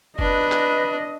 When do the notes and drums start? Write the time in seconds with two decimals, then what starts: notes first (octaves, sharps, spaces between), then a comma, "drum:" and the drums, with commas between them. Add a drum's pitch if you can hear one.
0.19 D4 B4 D#5, drum: kick F1
0.52 drum: clap